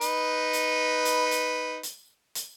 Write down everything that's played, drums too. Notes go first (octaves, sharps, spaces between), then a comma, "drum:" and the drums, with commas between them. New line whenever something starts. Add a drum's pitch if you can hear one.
D#4 B4, drum: hi-hat
drum: hi-hat
drum: hi-hat
drum: hi-hat
drum: hi-hat
drum: hi-hat